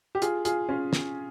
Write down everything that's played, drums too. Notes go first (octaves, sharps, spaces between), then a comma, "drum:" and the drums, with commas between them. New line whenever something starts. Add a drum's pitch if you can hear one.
G4
F4 G#4, drum: hi-hat
F4 G#4, drum: hi-hat
C#4 F4
drum: snare